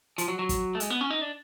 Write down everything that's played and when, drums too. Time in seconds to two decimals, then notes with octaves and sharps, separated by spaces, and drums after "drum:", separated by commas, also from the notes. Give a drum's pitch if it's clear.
0.18 F3, drum: hi-hat
0.28 F#3
0.39 F#3
0.49 drum: kick, hi-hat
0.75 A3
0.80 G#3, drum: hi-hat
0.90 B3
1.01 C#4
1.10 D#4
1.21 D4